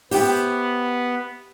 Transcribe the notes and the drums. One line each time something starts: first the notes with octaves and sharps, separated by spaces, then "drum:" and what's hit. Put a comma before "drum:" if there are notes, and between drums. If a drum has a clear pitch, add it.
B3 G4 C5 E5 G5, drum: open hi-hat